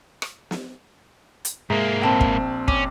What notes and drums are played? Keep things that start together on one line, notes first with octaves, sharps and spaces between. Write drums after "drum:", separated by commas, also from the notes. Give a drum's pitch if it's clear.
drum: rim click
drum: snare
drum: hi-hat
G#2 G#3 A#3 E5 A#5
A#1 C4 G5 A5 B5
drum: kick
C#4 D6, drum: kick